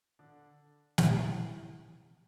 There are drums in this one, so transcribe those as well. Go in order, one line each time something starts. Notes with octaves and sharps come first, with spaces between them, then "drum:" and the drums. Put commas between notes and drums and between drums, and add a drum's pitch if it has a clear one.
D3 D4
drum: snare
E3 E4